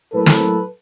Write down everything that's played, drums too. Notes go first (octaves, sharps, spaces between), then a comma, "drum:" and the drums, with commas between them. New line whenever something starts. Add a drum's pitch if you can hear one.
A2 F#3 A#3 A4 B4
drum: snare